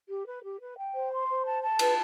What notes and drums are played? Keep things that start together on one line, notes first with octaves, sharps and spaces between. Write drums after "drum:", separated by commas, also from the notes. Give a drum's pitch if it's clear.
G4
B4
G4
B4
G5
C5
C6
C5
A5
A5
B4, drum: cymbal